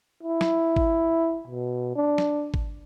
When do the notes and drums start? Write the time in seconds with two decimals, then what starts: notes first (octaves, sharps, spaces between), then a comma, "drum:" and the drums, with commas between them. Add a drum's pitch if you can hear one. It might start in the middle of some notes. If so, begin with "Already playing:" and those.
0.23 E4
0.41 drum: snare
0.76 drum: kick
1.47 B2
1.96 D4
2.18 drum: snare
2.54 drum: kick